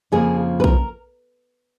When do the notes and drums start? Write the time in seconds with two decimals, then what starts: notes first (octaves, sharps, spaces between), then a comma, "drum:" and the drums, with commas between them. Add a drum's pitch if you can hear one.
0.12 F2 C#3 F3 A#3 G#4
0.60 B4
0.64 A#4, drum: kick